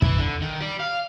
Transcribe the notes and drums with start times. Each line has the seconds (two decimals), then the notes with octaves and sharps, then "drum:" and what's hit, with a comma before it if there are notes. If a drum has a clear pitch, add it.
0.02 E3 E4, drum: kick
0.19 D3
0.42 D#3
0.60 G4 D5
0.80 F5